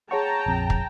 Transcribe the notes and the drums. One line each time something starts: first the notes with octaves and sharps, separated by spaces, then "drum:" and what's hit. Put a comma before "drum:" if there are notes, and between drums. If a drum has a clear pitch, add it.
G#4 C#5 F#5 G5 A5 A#5 C#6
A#1 F2
drum: kick